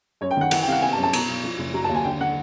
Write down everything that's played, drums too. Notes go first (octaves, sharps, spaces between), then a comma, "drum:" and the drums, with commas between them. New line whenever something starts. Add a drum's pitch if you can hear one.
F#2 C#5
G5
D#3 F#5
E3 F#5, drum: cymbal
G5
C3 F5
F#5
B3 G#5
A5
F#2
A5
B2 A#5, drum: cymbal
B1
F3
F#1
F#3 A#5
A5
D#2
G#5
D3 G5
D3 F#5